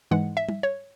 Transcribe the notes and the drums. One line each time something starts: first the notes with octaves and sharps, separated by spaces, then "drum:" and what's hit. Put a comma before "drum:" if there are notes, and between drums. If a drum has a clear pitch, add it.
G#2 E3 G#3 F#5
E5
drum: tom G3
C#5